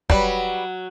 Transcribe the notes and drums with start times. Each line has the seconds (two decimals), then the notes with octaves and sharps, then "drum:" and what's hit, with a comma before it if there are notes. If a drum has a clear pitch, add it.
0.10 F#3 G3 B4, drum: kick